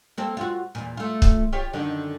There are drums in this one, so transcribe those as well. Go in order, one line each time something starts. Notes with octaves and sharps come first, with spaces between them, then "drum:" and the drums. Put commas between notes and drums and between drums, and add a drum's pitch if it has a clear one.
A#3 C4 A4
F4 F#4
E2 A#2
A3 F4
drum: kick
F4 G4 C#5
F#2 D3 D#3